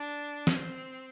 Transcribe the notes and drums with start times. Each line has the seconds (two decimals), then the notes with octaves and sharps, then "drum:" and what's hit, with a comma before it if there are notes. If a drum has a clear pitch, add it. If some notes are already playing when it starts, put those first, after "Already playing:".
Already playing: D4
0.47 C4, drum: snare